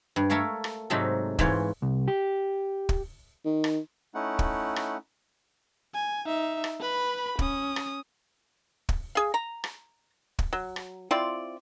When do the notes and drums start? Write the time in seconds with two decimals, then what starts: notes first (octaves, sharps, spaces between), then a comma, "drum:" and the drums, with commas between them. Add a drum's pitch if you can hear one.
0.16 G2
0.30 A3 A4 A#4 C#5 F5
0.64 drum: rim click
0.90 G#2 C3 F#3 A3 D#4 A4
1.39 G#2 E3 F4 C#5, drum: kick
1.82 C2
2.08 G4
2.89 drum: kick
3.45 D#3
3.64 drum: rim click
4.15 A3 C#4 D#4 E4 F#5
4.39 drum: kick
4.76 drum: rim click
5.94 G#5
6.25 D#4 E5
6.64 drum: rim click
6.80 B4 B5
7.39 C#4 D#6, drum: kick
7.76 drum: rim click
8.89 drum: kick
9.15 G#4 F5
9.34 A#5
9.64 drum: rim click
10.39 drum: kick
10.53 F#3
10.76 drum: rim click
11.11 C4 E4 F4 D5